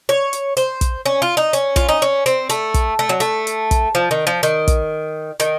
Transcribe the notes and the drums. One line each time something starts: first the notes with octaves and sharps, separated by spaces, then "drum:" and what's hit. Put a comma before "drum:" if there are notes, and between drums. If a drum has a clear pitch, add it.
C#5
drum: hi-hat
C5, drum: hi-hat
drum: kick, hi-hat
C#4
F4
D#4
C#4, drum: hi-hat
F4, drum: kick, hi-hat
D#4
C#4
C4, drum: hi-hat
A3, drum: hi-hat
drum: kick, hi-hat
A3
F#3
A3, drum: hi-hat
drum: hi-hat
drum: kick, hi-hat
F3
D#3
F3
D#3, drum: hi-hat
drum: kick, hi-hat
D#3, drum: hi-hat